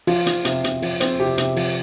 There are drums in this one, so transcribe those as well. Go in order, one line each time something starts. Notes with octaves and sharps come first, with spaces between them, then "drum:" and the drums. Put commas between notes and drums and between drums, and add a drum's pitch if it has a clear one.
F3 F4, drum: open hi-hat
F3, drum: hi-hat
C3, drum: hi-hat
C3, drum: hi-hat
F3, drum: open hi-hat
C4, drum: hi-hat
C3 G4
C3, drum: hi-hat
F3, drum: open hi-hat